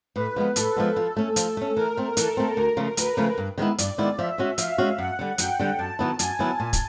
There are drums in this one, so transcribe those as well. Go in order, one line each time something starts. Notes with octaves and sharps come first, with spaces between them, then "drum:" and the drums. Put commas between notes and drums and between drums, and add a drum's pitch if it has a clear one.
A2 B4
F3 G#3 B3
A2 A4, drum: hi-hat
F3 G#3 B3
F3
A3 C#4
F3, drum: hi-hat
A3 C#4
E3 A#4
A3 C4
E3 A4, drum: hi-hat
A3 C4
D2 A#4
C#3 F3 A3
D2 B4, drum: hi-hat
C#3 F3 A3
G2
D#3 G#3 B3 E4
G2 D5, drum: hi-hat
D#3 G#3 B3 E4
F3 E5
G#3 C#4 F#4
F3 F5, drum: hi-hat
G#3 C#4 F#4
F#2 F#5
D3 G3
F#2 G5, drum: hi-hat
D3 G3
F#2 A5
D#3 F#3 B3 E4
F#2 G#5, drum: hi-hat
D#3 F#3 B3 E4
A#2
drum: kick, hi-hat